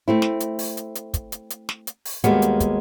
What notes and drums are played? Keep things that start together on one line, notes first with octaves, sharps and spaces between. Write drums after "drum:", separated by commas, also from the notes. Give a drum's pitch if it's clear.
A3 C4 E4
drum: snare
drum: hi-hat
drum: open hi-hat
drum: hi-hat
drum: hi-hat
drum: kick, hi-hat
drum: hi-hat
drum: hi-hat
drum: snare
drum: hi-hat
drum: open hi-hat
D#2 G3 G#3 A#3 B3 F#4, drum: hi-hat
drum: hi-hat
drum: kick, hi-hat